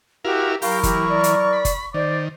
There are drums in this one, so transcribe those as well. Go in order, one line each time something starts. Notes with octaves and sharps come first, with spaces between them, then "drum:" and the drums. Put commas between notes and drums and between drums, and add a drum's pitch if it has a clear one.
E4 F#4 G4 A#4 F5
F#3 E4 G4 A#4 F5 C#6, drum: open hi-hat
E3 G4, drum: kick, hi-hat
D5
drum: hi-hat
B5
drum: kick, hi-hat
D#3 C5 D5